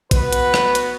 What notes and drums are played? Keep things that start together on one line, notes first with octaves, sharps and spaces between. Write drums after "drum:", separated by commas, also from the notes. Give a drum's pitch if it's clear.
B3 F#4 B4, drum: kick, hi-hat
drum: hi-hat
drum: rim click
drum: hi-hat